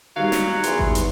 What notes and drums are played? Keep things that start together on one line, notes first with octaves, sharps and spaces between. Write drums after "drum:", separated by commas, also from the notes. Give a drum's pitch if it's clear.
D#3 F#3 G3 F5
drum: snare
E2 C6, drum: hi-hat
drum: kick G#1
drum: hi-hat